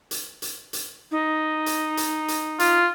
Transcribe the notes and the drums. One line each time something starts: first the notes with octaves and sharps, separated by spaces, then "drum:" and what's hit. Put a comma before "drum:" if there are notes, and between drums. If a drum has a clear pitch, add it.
drum: hi-hat
drum: hi-hat
drum: hi-hat
D#4
drum: hi-hat
drum: hi-hat
drum: hi-hat
F4, drum: hi-hat